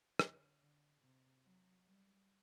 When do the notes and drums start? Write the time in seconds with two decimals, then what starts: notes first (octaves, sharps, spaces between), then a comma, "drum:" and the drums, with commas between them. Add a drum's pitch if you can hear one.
0.19 D3, drum: rim click
0.61 D3
1.01 C3
1.43 F#3
1.85 G3